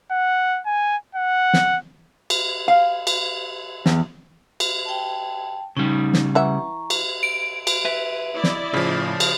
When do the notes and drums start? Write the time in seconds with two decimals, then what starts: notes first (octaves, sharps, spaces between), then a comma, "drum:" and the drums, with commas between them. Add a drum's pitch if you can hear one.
0.11 F#5
0.66 G#5
1.15 F#5
1.53 drum: snare
2.30 drum: cymbal
2.68 F5
3.07 drum: cymbal
3.86 E2, drum: snare
4.60 drum: cymbal
4.85 G5 A5
5.77 C#3 G3 D#4
6.14 drum: snare
6.35 E3 E5 F#5 A#5 C#6
6.90 drum: cymbal
7.23 D7
7.67 drum: cymbal
7.85 B4 E5
8.34 E4 D5 D#5
8.44 drum: snare
8.74 A2 C#3 F3 B5
9.20 drum: cymbal